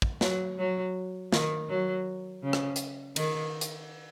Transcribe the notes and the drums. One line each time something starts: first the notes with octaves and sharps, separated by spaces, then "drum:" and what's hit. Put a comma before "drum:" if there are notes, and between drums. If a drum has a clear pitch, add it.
drum: kick
F#3, drum: snare
F#3
D#3, drum: snare
F#3
C#3
drum: rim click
drum: hi-hat
D#3, drum: cymbal
drum: hi-hat